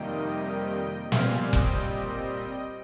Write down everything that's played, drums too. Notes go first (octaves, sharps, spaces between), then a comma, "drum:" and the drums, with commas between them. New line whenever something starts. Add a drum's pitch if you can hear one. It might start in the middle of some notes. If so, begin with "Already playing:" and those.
Already playing: F2 C3 D#3 G3 A#3 D#5 G5
A#2 G3 C4 F5 G#5, drum: snare
D#5 G5, drum: kick F1